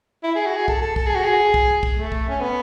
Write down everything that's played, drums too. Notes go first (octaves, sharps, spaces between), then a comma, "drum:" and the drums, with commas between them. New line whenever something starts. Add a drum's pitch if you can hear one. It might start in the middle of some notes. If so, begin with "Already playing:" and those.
E4
G#4
F#4
G#4
A4, drum: kick
A4
A4, drum: kick
G#4
F#4
G#4
drum: kick
drum: kick
A3
drum: kick
C#4
B3